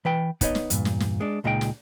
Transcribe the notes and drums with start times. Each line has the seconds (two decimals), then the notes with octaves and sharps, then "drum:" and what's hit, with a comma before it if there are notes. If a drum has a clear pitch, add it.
0.05 E3 B4 G5
0.41 B3 D#4 B4 C#5 D#5, drum: kick, hi-hat
0.55 drum: snare
0.70 E2 G2 A#2, drum: hi-hat
0.85 drum: snare
1.00 drum: snare
1.21 G#3 D4
1.44 C#2 A#2 G#3 D#4 F4 G5
1.61 drum: snare